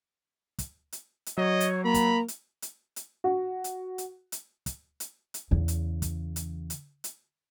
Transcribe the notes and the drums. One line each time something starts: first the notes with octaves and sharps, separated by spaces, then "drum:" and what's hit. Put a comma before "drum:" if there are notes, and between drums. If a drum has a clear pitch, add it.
drum: kick, hi-hat
drum: hi-hat
drum: hi-hat
F#3 C#5 D#5
drum: hi-hat
A#3 A#5 B5
drum: kick, hi-hat
drum: hi-hat
drum: hi-hat
drum: hi-hat
F#4
drum: hi-hat
drum: hi-hat
drum: hi-hat
drum: kick, hi-hat
drum: hi-hat
drum: hi-hat
E2 C#3
drum: hi-hat
drum: kick, hi-hat
drum: hi-hat
drum: hi-hat
drum: hi-hat